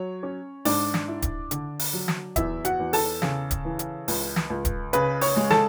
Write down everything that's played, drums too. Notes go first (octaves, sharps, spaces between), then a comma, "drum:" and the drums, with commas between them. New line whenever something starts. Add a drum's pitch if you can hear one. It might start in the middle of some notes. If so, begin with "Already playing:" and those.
Already playing: F#3 C#5
C#4
G#2 D4 D5, drum: open hi-hat
drum: snare
E4
drum: kick D1, hi-hat
D3, drum: hi-hat
drum: open hi-hat
F#3
drum: snare
E2 E4 E5, drum: kick D1, hi-hat
F#4 F#5, drum: hi-hat
E2
A4 A5, drum: open hi-hat
C#3, drum: snare
drum: kick D1, hi-hat
E3
drum: hi-hat
C#2, drum: open hi-hat
drum: snare
C#2
drum: kick D1, hi-hat
C#3 B4 B5, drum: hi-hat
C#5 C#6, drum: open hi-hat
G#3
A4 A5, drum: snare